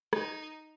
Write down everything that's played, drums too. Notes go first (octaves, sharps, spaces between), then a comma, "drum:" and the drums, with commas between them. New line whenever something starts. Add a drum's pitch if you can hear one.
D#4, drum: rim click